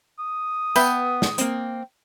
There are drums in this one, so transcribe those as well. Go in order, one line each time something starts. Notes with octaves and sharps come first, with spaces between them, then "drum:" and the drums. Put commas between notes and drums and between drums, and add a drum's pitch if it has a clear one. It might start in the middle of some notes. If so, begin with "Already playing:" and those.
D#6
B3 B4 E5 G5, drum: tambourine
drum: snare
A#3 C4, drum: hi-hat